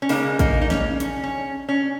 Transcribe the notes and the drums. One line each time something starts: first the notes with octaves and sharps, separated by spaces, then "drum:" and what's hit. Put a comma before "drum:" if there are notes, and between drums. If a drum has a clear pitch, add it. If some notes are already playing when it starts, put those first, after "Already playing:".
C#4
C#3 G#3 A#3 D#4, drum: open hi-hat
A#3 D#4, drum: kick, hi-hat
D#4
C#4, drum: snare
C#4, drum: hi-hat
C#4
C#4